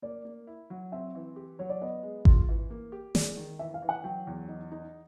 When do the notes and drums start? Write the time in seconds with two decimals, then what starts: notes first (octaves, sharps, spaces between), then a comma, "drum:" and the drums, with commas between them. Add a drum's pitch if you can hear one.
0.02 A#3 D5
0.25 A#3
0.47 E4
0.70 F#3
0.92 C4 E5
1.15 E3
1.36 G4
1.59 F#3 C#5
1.69 D5
1.81 B3 D#5
2.03 G#3
2.25 F4, drum: kick G#1
2.49 E3
2.70 A#3
2.92 G4
3.15 G#3 D5, drum: snare
3.37 D#3
3.59 E3 E5
3.74 F5
3.82 E3
3.89 F#5
4.04 F#3 G5
4.27 E2
4.48 D#4
4.71 D#4